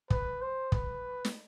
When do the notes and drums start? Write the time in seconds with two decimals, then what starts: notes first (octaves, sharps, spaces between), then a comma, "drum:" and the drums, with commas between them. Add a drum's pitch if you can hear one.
0.10 B4, drum: kick
0.41 C5
0.72 B4, drum: kick
1.25 drum: snare